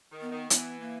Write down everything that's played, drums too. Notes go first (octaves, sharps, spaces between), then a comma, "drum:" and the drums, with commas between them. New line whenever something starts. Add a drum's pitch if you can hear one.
D#3
B3
D#3
E3 B3, drum: hi-hat
A#3